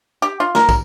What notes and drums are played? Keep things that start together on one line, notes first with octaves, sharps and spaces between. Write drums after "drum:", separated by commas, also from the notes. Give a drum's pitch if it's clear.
G4
F4
A#4, drum: snare
drum: kick, tambourine